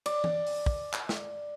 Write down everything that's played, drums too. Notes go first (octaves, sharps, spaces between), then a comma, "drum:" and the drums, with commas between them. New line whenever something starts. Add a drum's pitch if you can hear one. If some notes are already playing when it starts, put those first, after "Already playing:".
D5, drum: cymbal
drum: tom E3
drum: open hi-hat
drum: kick
drum: clap
drum: snare